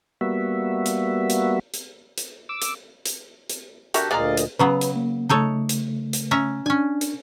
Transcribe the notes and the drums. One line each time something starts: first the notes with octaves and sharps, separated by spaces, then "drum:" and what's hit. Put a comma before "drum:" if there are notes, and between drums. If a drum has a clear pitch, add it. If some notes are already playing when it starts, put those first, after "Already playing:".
G3 A#3 B3 F#4 E5
drum: hi-hat
drum: hi-hat
drum: hi-hat
drum: hi-hat
D6 E6
drum: hi-hat
drum: hi-hat
drum: hi-hat
D3 F#4 G4 A4 A#4 E5, drum: hi-hat
D2 A#2 G#3 A#3 D5 D#5 F5 A#5
drum: hi-hat
C#3 F#3 B3 B4
drum: hi-hat
A#3
C#3 A3 D#4 A4 C#5
drum: hi-hat
drum: hi-hat
C#4 E5 A#5
C#4 D4 G#5
drum: hi-hat